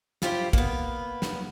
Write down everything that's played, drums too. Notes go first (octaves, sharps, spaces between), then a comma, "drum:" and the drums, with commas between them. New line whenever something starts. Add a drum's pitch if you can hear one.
E4 F4 G4 C5, drum: snare
A#3 B3, drum: kick
drum: snare